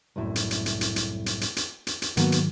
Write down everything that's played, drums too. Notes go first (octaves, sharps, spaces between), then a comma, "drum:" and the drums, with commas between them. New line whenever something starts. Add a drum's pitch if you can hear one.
C2 F#2 A2
drum: hi-hat
drum: hi-hat
drum: hi-hat
drum: hi-hat
drum: hi-hat
drum: hi-hat
drum: hi-hat
drum: hi-hat
drum: hi-hat
drum: hi-hat
G#2 D#3 F#3 A#3 B3 F#4, drum: hi-hat
drum: hi-hat